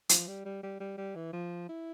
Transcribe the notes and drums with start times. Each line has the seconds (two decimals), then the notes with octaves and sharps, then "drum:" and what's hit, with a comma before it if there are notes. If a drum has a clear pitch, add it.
0.09 F3, drum: hi-hat
0.28 G3
0.45 G3
0.63 G3
0.80 G3
0.97 G3
1.15 E3
1.33 F3
1.69 E4